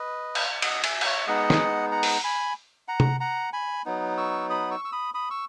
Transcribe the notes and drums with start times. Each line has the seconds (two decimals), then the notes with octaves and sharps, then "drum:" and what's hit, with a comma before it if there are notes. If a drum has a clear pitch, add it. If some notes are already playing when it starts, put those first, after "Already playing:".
Already playing: B4 D#5
0.35 drum: cymbal
0.62 D#5 F#5, drum: cymbal
0.84 E5 G#5, drum: cymbal
1.01 F#5, drum: cymbal
1.06 C#5 E5
1.27 G#3 B3 D#4 D#5 F#5
1.50 drum: snare
1.91 F#5 A#5
2.03 drum: open hi-hat
2.24 G#5 B5
2.88 F#5 A#5
3.00 drum: tom C3
3.20 F#5 A#5
3.53 G#5 B5
3.86 F#3 B3 D#4
4.17 C#6 E6
4.50 B5 D#6
4.71 C#6 E6
4.85 E6
4.92 B5 D#6
5.14 B5 D#6
5.30 C#6 E6